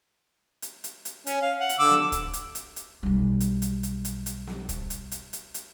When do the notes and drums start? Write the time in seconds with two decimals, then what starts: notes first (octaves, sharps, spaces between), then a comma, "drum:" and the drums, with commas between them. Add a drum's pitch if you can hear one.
0.62 drum: hi-hat
0.84 drum: hi-hat
1.05 drum: hi-hat
1.27 C#4, drum: hi-hat
1.42 F5
1.60 F#5
1.69 drum: hi-hat
1.79 D3 D6 E6
1.91 drum: snare
2.12 drum: kick, hi-hat
2.33 drum: hi-hat
2.55 drum: hi-hat
2.76 drum: hi-hat
3.03 B1 G3
3.40 drum: hi-hat
3.62 drum: hi-hat
3.83 drum: hi-hat
4.05 drum: hi-hat
4.26 drum: hi-hat
4.47 drum: snare
4.69 drum: kick, hi-hat
4.90 drum: hi-hat
5.12 drum: hi-hat
5.33 drum: hi-hat
5.54 drum: hi-hat